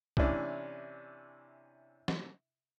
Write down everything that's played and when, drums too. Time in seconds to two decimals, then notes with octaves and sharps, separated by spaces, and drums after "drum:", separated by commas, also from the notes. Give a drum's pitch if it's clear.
0.17 C3 E3 C#4 D4, drum: kick
2.08 drum: snare